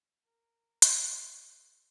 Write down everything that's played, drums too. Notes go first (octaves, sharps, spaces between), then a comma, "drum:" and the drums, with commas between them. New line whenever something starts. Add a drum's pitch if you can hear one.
A#4
drum: hi-hat
A4
A4